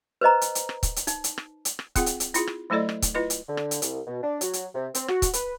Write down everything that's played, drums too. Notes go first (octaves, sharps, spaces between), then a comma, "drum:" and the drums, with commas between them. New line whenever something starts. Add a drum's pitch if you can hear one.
B4 C5 D#5 A#5
drum: hi-hat
drum: hi-hat
drum: rim click
drum: kick, hi-hat
drum: hi-hat
D#4, drum: hi-hat
drum: hi-hat
drum: rim click
drum: hi-hat
drum: rim click
C4 F4 G#4 F#5, drum: kick, hi-hat
drum: hi-hat
drum: hi-hat
E4 F4 G#4, drum: hi-hat
drum: rim click
F#3 A3 E4 A4 D5 D#5
drum: rim click
drum: kick, hi-hat
E4 F4 B4 D#5
drum: hi-hat
D3
drum: rim click
drum: hi-hat
C2, drum: hi-hat
B2
D4
F#3, drum: hi-hat
drum: hi-hat
C3
C4, drum: hi-hat
F#4, drum: rim click
drum: kick, hi-hat
B4, drum: hi-hat